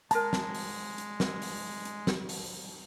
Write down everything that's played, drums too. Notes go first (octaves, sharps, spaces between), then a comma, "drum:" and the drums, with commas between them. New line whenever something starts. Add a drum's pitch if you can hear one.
G#3 A#4 A5 A#5, drum: hi-hat
drum: snare
drum: open hi-hat
drum: hi-hat
drum: snare
drum: open hi-hat
drum: hi-hat
drum: snare
drum: open hi-hat